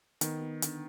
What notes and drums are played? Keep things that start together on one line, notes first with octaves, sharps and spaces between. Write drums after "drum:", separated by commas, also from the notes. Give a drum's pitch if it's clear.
D#3 B3, drum: hi-hat
B3
D3, drum: hi-hat